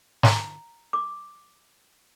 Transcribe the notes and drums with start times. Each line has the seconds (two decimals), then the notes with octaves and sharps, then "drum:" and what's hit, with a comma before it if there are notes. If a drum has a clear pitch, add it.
0.23 A#5, drum: snare
0.93 D6